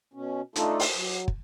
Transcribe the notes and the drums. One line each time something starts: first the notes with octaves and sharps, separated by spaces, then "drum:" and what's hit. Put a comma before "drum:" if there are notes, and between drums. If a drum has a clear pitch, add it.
B2 C#4
A3 D4 D#4 F4 A4, drum: hi-hat
drum: open hi-hat
F#3
drum: kick